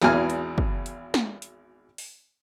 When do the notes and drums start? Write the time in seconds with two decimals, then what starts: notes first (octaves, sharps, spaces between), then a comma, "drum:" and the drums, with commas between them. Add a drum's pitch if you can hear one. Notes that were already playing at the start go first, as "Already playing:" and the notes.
0.02 G#1 E2 B2 E3 G#5 F6, drum: snare
0.30 drum: hi-hat
0.58 drum: kick
0.86 drum: hi-hat
1.14 drum: snare
1.42 drum: hi-hat
1.98 drum: open hi-hat